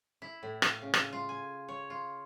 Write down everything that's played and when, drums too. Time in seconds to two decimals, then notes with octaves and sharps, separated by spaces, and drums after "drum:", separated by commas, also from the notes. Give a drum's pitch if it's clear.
0.22 E4
0.43 A2
0.62 F5, drum: rim click
0.82 C#3
0.94 drum: rim click
1.13 F4
1.29 G#5
1.69 C#5
1.90 F4